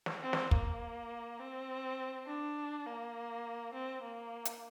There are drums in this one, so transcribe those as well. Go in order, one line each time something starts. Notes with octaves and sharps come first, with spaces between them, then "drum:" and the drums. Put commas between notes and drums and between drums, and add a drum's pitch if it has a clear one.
drum: snare
C4
drum: snare
A#3, drum: kick
C4
D4
A#3
C4
A#3
drum: hi-hat